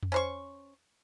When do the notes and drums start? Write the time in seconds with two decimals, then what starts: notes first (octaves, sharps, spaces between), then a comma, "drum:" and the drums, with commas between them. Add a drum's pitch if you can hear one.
0.03 drum: tom F2
0.12 C#4 C5 C#6